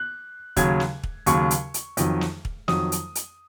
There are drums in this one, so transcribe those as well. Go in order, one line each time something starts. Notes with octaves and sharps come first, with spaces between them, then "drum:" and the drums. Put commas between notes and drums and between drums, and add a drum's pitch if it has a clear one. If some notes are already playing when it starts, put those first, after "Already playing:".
Already playing: F#6
D#2 C#3 F#3 G#6, drum: kick, hi-hat
drum: snare
drum: kick
D#2 C#3 F#3 C#6, drum: hi-hat
drum: hi-hat
drum: hi-hat
F2 D#3 F#3, drum: hi-hat
drum: snare
drum: kick
F2 D#3 F#3 D#6, drum: snare
drum: hi-hat
drum: hi-hat